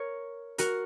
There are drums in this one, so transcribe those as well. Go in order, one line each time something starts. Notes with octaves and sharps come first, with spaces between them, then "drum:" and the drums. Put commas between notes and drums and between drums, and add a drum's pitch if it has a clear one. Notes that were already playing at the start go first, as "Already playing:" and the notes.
Already playing: A#4 C#5
F#4 A#4, drum: hi-hat